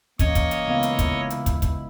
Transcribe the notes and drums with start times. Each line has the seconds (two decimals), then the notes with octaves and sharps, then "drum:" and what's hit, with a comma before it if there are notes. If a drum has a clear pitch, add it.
0.19 E3 A#3 C#4 C#5 D#5, drum: kick, hi-hat
0.35 drum: kick, hi-hat
0.51 drum: hi-hat
0.66 C#2 G#3 B3 E4 F5
0.83 drum: hi-hat
0.99 drum: kick, hi-hat
1.30 drum: hi-hat
1.46 drum: kick, hi-hat
1.62 drum: kick, hi-hat